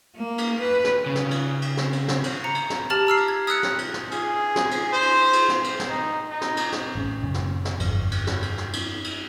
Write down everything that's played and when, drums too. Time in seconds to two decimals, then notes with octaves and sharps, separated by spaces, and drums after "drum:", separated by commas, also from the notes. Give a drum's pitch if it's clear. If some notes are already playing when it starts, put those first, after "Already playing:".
0.17 A#3
0.38 drum: cymbal
0.61 B4
0.84 drum: snare
1.06 C#3
1.15 drum: snare
1.31 drum: cymbal
1.62 drum: cymbal
1.77 drum: snare
1.93 drum: cymbal
2.08 drum: snare
2.24 drum: cymbal
2.44 A#5 C#7
2.55 drum: cymbal
2.70 drum: snare
2.90 G4 A5 F6 A6 F#7
3.07 A#5 E6 F6 C7
3.16 drum: cymbal
3.28 G#6
3.47 D#6 E6 F#6 C#7, drum: cymbal
3.63 drum: snare
3.78 drum: cymbal
3.94 drum: snare
4.11 G#4, drum: cymbal
4.56 drum: snare
4.71 drum: cymbal
4.92 C5
5.02 drum: cymbal
5.33 drum: cymbal
5.49 drum: snare
5.64 drum: cymbal
5.79 drum: snare
5.89 D#4
6.31 D#4
6.41 drum: snare
6.57 drum: cymbal
6.72 drum: snare
6.95 A1 C#4
7.23 F#1 A#2 C#3 C#4
7.34 drum: snare
7.65 drum: snare
7.80 G1 F2, drum: cymbal
8.12 drum: cymbal
8.27 drum: snare
8.42 drum: cymbal
8.58 drum: snare
8.73 drum: cymbal
9.04 drum: cymbal